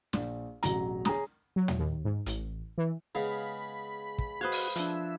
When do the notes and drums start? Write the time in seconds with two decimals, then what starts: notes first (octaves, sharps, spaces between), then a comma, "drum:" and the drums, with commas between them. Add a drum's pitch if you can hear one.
0.13 A#1, drum: snare
0.63 E1 A1 F#3 A#5, drum: hi-hat
1.05 G#4 C#5 A#5 D#6, drum: snare
1.56 F#3
1.68 drum: tom
1.79 D#2
2.05 G#2
2.26 A1, drum: hi-hat
2.78 E3
3.15 C#3 G#3 B3 F5 B5
4.18 drum: kick
4.41 F#4 B4 C5 F5 D#6 F#6 G#6
4.52 drum: open hi-hat
4.76 F3 D4 E5, drum: hi-hat